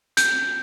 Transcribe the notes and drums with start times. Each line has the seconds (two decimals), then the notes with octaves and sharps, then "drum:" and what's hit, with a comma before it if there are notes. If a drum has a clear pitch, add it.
0.17 G6, drum: hi-hat